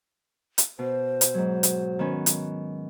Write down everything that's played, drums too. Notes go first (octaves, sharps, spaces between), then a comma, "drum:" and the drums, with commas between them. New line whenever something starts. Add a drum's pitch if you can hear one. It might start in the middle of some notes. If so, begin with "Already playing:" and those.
drum: hi-hat
B2 C5
drum: hi-hat
G#2 F#3
drum: hi-hat
D#3 B3 C#4
drum: hi-hat